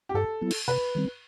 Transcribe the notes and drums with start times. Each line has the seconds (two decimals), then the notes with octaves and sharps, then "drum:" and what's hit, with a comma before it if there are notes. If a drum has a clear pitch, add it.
0.09 G4
0.14 G2 A4
0.41 F#3 B3 E4
0.51 drum: cymbal
0.68 C3 B4
0.95 D#3 G3 C4